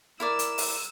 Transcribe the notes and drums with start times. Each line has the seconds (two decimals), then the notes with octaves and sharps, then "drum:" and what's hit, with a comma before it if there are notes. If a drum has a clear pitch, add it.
0.20 E4 A#4 D5 E6
0.39 drum: hi-hat
0.58 drum: open hi-hat